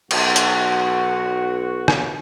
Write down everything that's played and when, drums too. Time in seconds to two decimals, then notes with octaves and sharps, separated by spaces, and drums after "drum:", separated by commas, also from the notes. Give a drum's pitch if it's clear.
0.11 B1 F#4, drum: cymbal
0.36 drum: hi-hat
1.88 drum: rim click